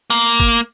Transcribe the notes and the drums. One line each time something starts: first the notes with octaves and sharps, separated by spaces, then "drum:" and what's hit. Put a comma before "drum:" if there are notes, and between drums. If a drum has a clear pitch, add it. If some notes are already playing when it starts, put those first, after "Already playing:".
A#3, drum: open hi-hat
drum: kick